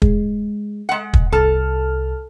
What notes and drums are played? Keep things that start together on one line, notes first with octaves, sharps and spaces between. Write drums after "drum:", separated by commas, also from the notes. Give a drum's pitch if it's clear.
G#3, drum: kick
G#3 F#5
drum: kick
C2 A4 A5 F6